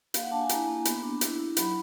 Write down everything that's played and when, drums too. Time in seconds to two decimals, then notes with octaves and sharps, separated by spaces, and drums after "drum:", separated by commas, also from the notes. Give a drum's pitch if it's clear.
0.14 A#3 F5, drum: hi-hat
0.23 F#5
0.31 D4 A5
0.41 G#5
0.49 E4 A#5, drum: hi-hat
0.68 A#3
0.85 B3, drum: hi-hat
1.03 D4
1.21 E4, drum: hi-hat
1.39 E4
1.57 F#3 B5, drum: hi-hat